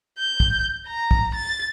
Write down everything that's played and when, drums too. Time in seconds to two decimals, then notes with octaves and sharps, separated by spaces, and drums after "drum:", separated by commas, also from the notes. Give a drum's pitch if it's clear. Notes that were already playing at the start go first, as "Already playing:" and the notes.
0.19 G6
0.40 drum: kick
0.87 A#5
1.11 drum: kick
1.35 A6